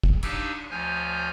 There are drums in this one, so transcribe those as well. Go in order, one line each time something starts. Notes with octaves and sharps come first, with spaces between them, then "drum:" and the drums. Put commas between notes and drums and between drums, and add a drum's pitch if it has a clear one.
drum: kick
D4 D#4 G4 F5 E6 G#6, drum: cymbal
D2 F3 C#5 G#5 F6 G6